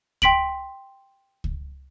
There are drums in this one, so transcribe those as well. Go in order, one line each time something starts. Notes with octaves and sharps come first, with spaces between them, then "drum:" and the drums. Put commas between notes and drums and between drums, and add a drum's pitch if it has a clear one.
G5 C6 B6 D7 F#7, drum: kick C#2
drum: kick C#2